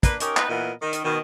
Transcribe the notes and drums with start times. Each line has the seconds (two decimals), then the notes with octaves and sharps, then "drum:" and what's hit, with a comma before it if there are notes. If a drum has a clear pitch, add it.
0.03 A#3 D4 B4, drum: kick, hi-hat
0.20 C#4 D#4 G4 A#4, drum: hi-hat
0.37 B3 D#4 B4, drum: clap
0.48 A#2 E3 B3 A#4 D#5
0.82 D#3
0.93 drum: hi-hat
1.04 B2 D#3